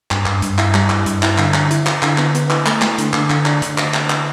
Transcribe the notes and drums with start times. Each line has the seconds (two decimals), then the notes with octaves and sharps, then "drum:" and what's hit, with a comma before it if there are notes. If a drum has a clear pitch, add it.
0.11 G2, drum: clap
0.26 G2, drum: clap
0.42 G2, drum: hi-hat
0.58 E4, drum: clap
0.74 G3, drum: clap
0.90 G2, drum: clap
1.06 G2, drum: hi-hat
1.23 E4, drum: clap
1.38 D3, drum: clap
1.54 D3, drum: clap
1.71 E4, drum: hi-hat
1.86 E4, drum: clap
2.02 D3, drum: clap
2.18 B3, drum: clap
2.35 B3, drum: hi-hat
2.50 E4, drum: clap
2.66 A3, drum: clap
2.82 A3, drum: clap
2.98 D3, drum: hi-hat
3.13 D3, drum: clap
3.30 D3, drum: clap
3.46 D4, drum: clap
3.62 D3, drum: hi-hat
3.78 drum: clap
3.94 drum: clap
4.10 drum: clap